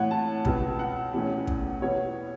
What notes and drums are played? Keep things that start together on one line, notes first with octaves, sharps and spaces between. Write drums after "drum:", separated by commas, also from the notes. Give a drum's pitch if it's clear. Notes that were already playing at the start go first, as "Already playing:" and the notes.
Already playing: A2 E3 A3 C#5 F#5
A5
C#2 B2 B3, drum: kick
F#5
E2 B2 A3 C#4
drum: kick
E2 B2 B3 C#5